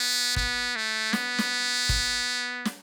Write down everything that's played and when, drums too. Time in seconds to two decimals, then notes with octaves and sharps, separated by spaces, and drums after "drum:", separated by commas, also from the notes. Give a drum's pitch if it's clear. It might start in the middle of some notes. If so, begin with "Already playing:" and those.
Already playing: B3
0.36 B3, drum: kick
0.76 A3
1.13 B3, drum: snare
1.38 drum: snare
1.89 drum: kick
2.65 drum: snare